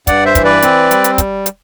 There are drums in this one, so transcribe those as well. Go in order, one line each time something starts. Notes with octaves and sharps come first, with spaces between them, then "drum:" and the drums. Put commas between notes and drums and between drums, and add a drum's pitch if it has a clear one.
G2 D5 F#5, drum: kick, hi-hat
C5 E5
E3, drum: kick, hi-hat
B4 D5
C4, drum: hi-hat
G3, drum: hi-hat
drum: hi-hat
drum: kick, hi-hat
drum: hi-hat